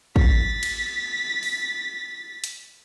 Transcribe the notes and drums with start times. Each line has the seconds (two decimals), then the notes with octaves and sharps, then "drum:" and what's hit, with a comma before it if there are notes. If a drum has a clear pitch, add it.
0.16 A6 B6, drum: kick
0.63 drum: cymbal
1.43 drum: open hi-hat
2.44 drum: hi-hat